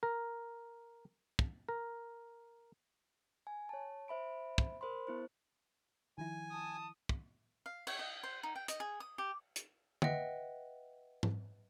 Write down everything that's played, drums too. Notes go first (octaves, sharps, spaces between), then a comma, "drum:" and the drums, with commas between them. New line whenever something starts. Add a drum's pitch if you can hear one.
A#4
drum: kick
A#4
G#5
C#5 A5
C5 E5 B5 D7
drum: kick
A#4 C5 B5 C6
B3 E4 C5
D#3 F3 E4 G#5
A5 D#6
drum: kick
F5
C#5, drum: cymbal
D#5
C5
D#4
G5
D#5, drum: hi-hat
G#4
D#6
G4
drum: hi-hat
B4 D#5 E5 F#5 G5, drum: tom
drum: tom G#2